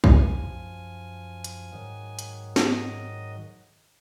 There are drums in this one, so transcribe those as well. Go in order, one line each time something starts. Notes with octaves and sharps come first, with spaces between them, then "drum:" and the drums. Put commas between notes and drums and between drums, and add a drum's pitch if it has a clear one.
F#2 F3 G#5, drum: kick
drum: hi-hat
G#2 D#3 F#3
drum: hi-hat
D#5, drum: snare